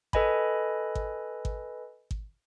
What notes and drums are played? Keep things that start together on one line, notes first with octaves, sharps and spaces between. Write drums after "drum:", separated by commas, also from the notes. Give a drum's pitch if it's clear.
A4 B4 D#5 G#5 B5, drum: kick G#1
drum: kick G#1
drum: kick G#1
drum: kick G#1